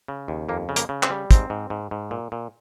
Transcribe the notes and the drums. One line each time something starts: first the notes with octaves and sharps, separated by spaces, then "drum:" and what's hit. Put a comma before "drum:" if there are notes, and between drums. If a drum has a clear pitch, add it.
C#3
D#2
F2 A#3
C#3
A#3, drum: hi-hat
C#3
C4, drum: clap
G3
G#2 C4, drum: kick, hi-hat
G#2
G#2
G#2
A#2
A#2